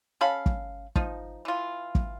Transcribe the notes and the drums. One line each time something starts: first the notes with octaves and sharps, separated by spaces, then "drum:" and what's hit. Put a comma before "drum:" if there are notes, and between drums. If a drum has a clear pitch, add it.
C#4 A4 F5 B5
drum: kick
F3 D#4, drum: kick
E3 F4
drum: kick